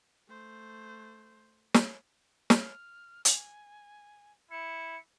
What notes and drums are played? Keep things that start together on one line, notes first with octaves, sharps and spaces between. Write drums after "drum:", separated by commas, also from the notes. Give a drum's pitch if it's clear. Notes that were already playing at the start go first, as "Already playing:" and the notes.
A3 C5
drum: snare
F6, drum: snare
G#5, drum: hi-hat
E4 C#7